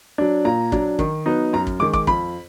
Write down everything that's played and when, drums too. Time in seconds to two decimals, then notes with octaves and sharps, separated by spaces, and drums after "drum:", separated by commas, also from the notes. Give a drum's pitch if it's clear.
0.18 F#3 D4
0.45 A#2 A#5
0.72 F#3 D4, drum: kick
0.99 D#3, drum: kick
1.26 F#3 B3 D#4
1.53 F#2 A#5
1.67 drum: kick
1.80 D#3 G#3 D6
1.93 D6, drum: kick
2.07 F2 B5, drum: kick